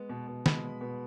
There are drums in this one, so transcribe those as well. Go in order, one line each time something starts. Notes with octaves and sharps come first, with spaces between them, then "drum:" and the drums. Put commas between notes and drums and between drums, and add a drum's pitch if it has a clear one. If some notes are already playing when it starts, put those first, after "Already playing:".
Already playing: G#3 B3
B2
B2
G#3 B5, drum: snare
B3
B2